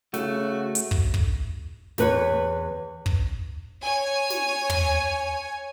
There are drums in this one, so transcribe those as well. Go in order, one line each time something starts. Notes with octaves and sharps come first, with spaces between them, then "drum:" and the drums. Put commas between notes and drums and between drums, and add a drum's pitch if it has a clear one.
C#3 A3 F#4, drum: snare
drum: hi-hat
drum: kick
drum: kick
E2 B4 C#5, drum: snare
drum: kick
C#5 G#5
drum: snare
drum: tom